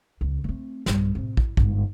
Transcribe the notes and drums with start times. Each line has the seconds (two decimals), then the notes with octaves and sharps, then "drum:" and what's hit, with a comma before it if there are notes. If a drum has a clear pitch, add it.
0.21 C#2
0.44 A3 C4
0.86 B1 G2, drum: snare
1.15 A2 C3
1.37 E4, drum: kick
1.57 G1 G#2, drum: kick